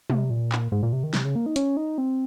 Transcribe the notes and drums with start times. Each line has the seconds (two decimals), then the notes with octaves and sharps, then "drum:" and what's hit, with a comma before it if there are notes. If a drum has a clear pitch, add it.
0.10 C3, drum: tom
0.30 A#2
0.52 drum: clap
0.72 G#2
0.83 A#2
0.93 C3
1.03 D#3
1.14 C3, drum: snare
1.25 C#3
1.35 A#3
1.46 D#4
1.56 C#4, drum: hi-hat
1.77 D#4
1.98 C4